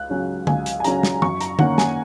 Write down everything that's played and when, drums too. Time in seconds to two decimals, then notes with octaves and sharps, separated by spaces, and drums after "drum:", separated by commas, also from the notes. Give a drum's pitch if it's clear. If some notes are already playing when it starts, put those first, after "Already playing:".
Already playing: C#2 F#6
0.10 C#3 F#3 C#4
0.47 C#2 G#5, drum: tom D3
0.66 drum: hi-hat
0.80 G#5
0.84 C#3 F#3 C#4 A#5, drum: hi-hat
1.03 drum: snare
1.22 F#2 C#6, drum: tom E3
1.41 A#5, drum: hi-hat
1.59 D#3 A#3 C#4 F#5, drum: tom D3
1.78 G#5, drum: snare